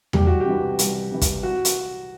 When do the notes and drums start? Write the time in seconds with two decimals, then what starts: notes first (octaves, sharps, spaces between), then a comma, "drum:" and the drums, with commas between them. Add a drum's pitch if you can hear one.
0.13 C2 G4, drum: tom E2
0.27 F#4
0.40 G4
0.45 C3 E3
0.79 C2, drum: hi-hat
1.11 C3 E3
1.21 drum: kick, hi-hat
1.43 F#4
1.65 drum: hi-hat